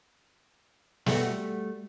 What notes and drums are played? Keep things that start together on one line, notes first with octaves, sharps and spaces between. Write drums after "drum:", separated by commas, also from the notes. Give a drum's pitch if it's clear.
G3 A3 F#4, drum: snare